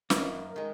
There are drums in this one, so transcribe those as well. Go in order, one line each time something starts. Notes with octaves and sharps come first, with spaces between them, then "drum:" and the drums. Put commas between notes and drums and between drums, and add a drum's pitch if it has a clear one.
F#2 D#3 A#3 B4, drum: snare
C#5
B4
A#4
D#3 G#3